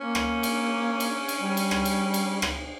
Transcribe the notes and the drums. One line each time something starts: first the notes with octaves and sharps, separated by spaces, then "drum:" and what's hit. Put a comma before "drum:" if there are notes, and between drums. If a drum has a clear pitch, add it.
A#3 C#4
drum: rim click
drum: cymbal
drum: cymbal
drum: cymbal
G3
drum: cymbal
drum: rim click
drum: cymbal
drum: cymbal
drum: rim click